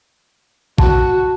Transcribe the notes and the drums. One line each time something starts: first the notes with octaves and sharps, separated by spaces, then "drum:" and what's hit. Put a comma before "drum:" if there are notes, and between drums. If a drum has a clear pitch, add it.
F#4 A5, drum: kick